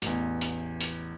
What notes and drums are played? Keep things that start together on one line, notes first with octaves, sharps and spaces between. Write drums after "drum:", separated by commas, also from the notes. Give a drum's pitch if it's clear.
A1 E2, drum: hi-hat
drum: hi-hat
drum: hi-hat